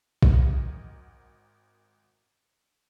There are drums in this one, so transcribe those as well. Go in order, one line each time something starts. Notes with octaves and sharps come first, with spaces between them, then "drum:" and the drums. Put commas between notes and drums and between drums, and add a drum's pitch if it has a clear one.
G#1 F#4 A#4 D#5, drum: kick A#1